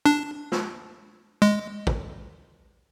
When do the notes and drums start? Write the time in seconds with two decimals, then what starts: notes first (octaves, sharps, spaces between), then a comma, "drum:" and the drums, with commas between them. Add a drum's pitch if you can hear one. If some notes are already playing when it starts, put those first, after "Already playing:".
0.06 D4
0.52 drum: snare
1.42 G#3
1.87 drum: kick